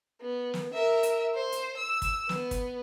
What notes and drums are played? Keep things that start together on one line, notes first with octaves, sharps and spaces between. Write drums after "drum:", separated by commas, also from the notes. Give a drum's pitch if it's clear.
B3
drum: snare
A#4 E5
drum: hi-hat
C5
drum: hi-hat
E6
drum: kick, hi-hat
B3, drum: snare
drum: kick, hi-hat